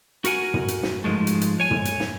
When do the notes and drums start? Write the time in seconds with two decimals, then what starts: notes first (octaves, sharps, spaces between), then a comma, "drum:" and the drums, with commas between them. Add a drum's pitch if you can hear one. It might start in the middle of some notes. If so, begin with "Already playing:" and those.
0.25 F#4 A#4 F#5 G#5, drum: hi-hat
0.54 drum: tom
0.68 drum: hi-hat
0.83 drum: snare
1.04 G#2 E3 F3 G#3 A3
1.27 drum: hi-hat
1.41 drum: hi-hat
1.60 C#5 G#5
1.71 drum: tom
1.85 drum: hi-hat
2.00 drum: snare